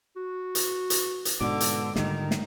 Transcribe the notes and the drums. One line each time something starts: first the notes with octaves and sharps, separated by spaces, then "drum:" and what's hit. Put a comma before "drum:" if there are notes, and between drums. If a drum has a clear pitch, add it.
F#4
drum: hi-hat
drum: hi-hat
drum: hi-hat
G#2 B2 D3 D6
drum: hi-hat
G#2 D3 D#3 G3 F4, drum: snare
drum: snare